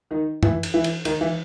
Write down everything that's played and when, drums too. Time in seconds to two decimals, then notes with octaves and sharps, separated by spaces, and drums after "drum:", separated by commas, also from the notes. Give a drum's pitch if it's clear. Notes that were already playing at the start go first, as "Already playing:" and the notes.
0.11 D#3 D#4
0.43 E3 E4, drum: tom F#2
0.63 drum: cymbal
0.74 E3 E4
0.84 drum: cymbal
1.05 D#3 D#4, drum: cymbal
1.21 E3 E4